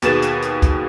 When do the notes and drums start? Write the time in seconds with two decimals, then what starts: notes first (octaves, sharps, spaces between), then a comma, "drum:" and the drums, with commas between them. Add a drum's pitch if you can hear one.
0.02 D#2 B2 G#4 B4 A6 E7, drum: hi-hat
0.22 drum: hi-hat
0.42 drum: hi-hat
0.62 drum: kick, hi-hat